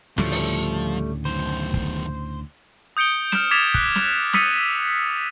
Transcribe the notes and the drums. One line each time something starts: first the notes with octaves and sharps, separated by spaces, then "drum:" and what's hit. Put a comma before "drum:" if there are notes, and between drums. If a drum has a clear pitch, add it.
D2 A2 C#3 F3 G3 A3, drum: snare
drum: open hi-hat
F#2 D#3 C5
drum: kick
D#6 G6 C#7 D7 G7
F6 G6 D7 E7, drum: snare
D6 G#6 A6 B6 E7 F7
F#6, drum: kick
drum: snare
D#6 E6 A6 B6 C#7 D#7, drum: snare